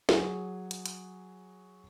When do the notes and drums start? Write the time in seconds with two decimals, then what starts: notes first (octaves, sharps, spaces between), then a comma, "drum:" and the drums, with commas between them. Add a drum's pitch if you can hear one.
0.09 F#3 G#4, drum: snare
0.71 drum: hi-hat
0.86 drum: hi-hat